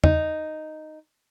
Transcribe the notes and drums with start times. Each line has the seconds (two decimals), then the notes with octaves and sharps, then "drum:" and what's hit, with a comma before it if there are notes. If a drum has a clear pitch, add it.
0.04 D#4, drum: tom E2